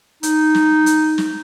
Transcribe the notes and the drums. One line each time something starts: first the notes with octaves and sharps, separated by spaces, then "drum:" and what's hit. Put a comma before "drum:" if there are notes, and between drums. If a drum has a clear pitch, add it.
D#4, drum: hi-hat
drum: snare
drum: hi-hat
drum: snare